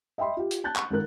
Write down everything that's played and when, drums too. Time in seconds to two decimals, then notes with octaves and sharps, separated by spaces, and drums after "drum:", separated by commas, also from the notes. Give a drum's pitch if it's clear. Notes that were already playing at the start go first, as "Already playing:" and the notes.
0.18 D#5 E5 G5 B5 C6
0.37 F4 G4
0.51 drum: hi-hat
0.64 A5 F#6 G6 A6
0.76 C#6, drum: clap
0.91 G#1 G#2 D#3 A#4 F#6